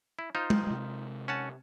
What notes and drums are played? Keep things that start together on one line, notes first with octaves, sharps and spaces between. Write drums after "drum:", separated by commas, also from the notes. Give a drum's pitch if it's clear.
E4
D#4 F4 C5
drum: tom G#3
C3 G#3
C#4 F#5 A5